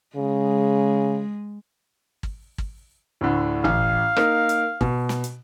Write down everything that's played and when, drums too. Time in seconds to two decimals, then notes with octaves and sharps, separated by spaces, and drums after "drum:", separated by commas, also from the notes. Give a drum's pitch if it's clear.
0.16 C#3 G#3
2.23 drum: kick G#1
2.58 drum: kick G#1
3.21 D2 A2 D3
3.64 A1 F5, drum: tom F#1
4.16 A#3 D#4 A#4, drum: rim click
4.49 drum: hi-hat
4.81 B2, drum: kick G#1
5.09 drum: snare
5.24 drum: hi-hat